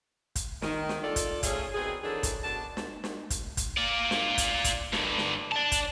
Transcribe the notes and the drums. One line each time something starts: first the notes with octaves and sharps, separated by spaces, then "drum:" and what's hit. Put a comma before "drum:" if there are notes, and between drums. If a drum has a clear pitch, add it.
drum: kick, hi-hat
D#3, drum: snare
drum: snare
F4 A4 D5
drum: kick, hi-hat
F3 A3 C#4 F4 G#4, drum: kick, hi-hat
B2 D#3 C4 G#4
D#3 E3 F#3 D4 G#4 A4
drum: kick, hi-hat
F#2 B2 D4 A5
drum: snare
drum: snare
drum: kick, hi-hat
drum: kick, hi-hat
F4 D5
drum: snare
drum: kick, hi-hat
drum: kick, hi-hat
G2 D3, drum: snare
drum: snare
D5 A5
drum: kick, hi-hat